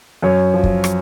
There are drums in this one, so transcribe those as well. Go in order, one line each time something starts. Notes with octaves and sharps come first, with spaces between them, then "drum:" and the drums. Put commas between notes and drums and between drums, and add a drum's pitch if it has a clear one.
F#2 C#5
F3
drum: kick
drum: rim click